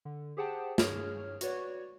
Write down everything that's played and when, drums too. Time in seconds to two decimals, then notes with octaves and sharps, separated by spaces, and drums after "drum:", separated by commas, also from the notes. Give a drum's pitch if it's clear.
0.05 D3
0.37 G4 G#4 C5 F#5 G5 A5
0.78 G2 G#4 C#5 F6, drum: snare
1.41 F#4 B4 C#5 D5, drum: hi-hat